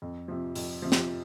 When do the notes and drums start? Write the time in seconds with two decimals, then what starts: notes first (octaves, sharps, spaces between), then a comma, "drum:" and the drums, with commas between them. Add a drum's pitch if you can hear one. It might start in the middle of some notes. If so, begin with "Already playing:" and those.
0.02 F2
0.28 C3 F3
0.55 F2, drum: open hi-hat
0.82 C3 F3
0.92 drum: snare